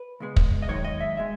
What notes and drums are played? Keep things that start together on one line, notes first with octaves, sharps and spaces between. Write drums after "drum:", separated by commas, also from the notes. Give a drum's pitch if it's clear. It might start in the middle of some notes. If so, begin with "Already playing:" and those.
Already playing: B4
C#2 B2 G#3
drum: kick
D#5
F#2 D#3 G#3 C#5
D#5
E5
B2 G#3 E5